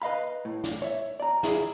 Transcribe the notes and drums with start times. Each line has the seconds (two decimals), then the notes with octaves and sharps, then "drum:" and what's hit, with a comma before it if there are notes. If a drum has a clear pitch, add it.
0.02 B4 D#5 F5 B5
0.45 A2
0.64 drum: snare
0.82 C#5 E5
1.20 D5 A#5
1.43 E4 F4 G#4 E5, drum: snare